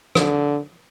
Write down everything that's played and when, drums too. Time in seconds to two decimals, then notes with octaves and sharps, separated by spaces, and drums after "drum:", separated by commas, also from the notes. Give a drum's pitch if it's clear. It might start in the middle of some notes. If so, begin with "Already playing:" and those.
0.15 D3, drum: rim click